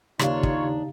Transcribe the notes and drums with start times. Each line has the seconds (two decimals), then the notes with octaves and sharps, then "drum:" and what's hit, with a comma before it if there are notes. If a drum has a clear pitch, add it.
0.19 D#2 C#3 D4 D#4 F4 G4 C#5 F5, drum: rim click
0.43 drum: kick